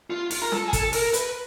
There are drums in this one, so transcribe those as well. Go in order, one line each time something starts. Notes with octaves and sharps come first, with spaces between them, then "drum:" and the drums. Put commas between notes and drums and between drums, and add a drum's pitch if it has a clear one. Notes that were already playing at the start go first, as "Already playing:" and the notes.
F4
F4, drum: open hi-hat
A#4
A4, drum: snare C#4
G#4
A4, drum: kick, hi-hat
A#4, drum: open hi-hat
B4, drum: hi-hat